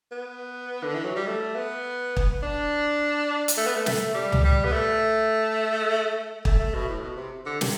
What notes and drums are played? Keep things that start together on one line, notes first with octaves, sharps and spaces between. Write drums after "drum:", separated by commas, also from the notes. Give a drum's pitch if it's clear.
B3
D3
E3
F#3
G3
A3
B3
drum: kick
D4
drum: hi-hat
A3
B3
A3
A3, drum: snare
G3
drum: tom C#2
G3
B3
A3
A3, drum: kick
A3
B2
A2
B2
C3
D3
C3, drum: snare